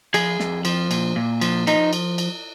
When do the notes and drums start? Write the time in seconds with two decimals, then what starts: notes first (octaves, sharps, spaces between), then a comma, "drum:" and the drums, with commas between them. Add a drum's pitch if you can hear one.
0.14 F3 G#4, drum: cymbal
0.40 F2, drum: snare
0.65 F3, drum: cymbal
0.91 A#2, drum: cymbal
1.16 A#2
1.41 F3, drum: cymbal
1.67 F3 D#4, drum: cymbal
1.93 drum: cymbal
2.18 drum: cymbal